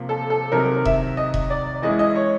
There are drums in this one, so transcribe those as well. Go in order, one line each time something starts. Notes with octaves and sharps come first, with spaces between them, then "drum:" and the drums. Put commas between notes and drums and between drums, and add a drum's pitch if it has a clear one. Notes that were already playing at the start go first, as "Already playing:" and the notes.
Already playing: C3 F3 A#3
A4
A4
C3 D#3 F#3 A#4
E5, drum: kick E1
D#5
drum: kick E1
D5
E3 G#3 C#4 E4 D#5
D#5
C#5